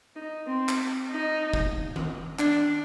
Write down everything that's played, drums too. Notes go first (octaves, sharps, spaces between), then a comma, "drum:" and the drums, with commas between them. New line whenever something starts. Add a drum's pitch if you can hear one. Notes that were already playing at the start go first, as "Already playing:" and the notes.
D#4
C4
drum: clap
D#4
drum: kick
drum: tom D#3
D4, drum: clap